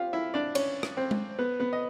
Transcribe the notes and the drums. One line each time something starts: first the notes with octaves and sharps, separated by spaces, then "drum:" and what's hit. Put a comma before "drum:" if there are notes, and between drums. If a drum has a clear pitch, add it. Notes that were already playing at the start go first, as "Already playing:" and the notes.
Already playing: F4 G4 F5
E4 E5
D4 D5
C#4 C#5, drum: cymbal
drum: rim click
C4 C5
drum: tom G#3
B3 B4
B3 B4
D#5